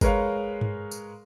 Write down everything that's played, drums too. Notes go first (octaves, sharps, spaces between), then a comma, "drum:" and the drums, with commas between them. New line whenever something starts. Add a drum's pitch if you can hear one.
G#3 A#4 B4 C#5 F5, drum: kick G1, tambourine
drum: tom G2
drum: tambourine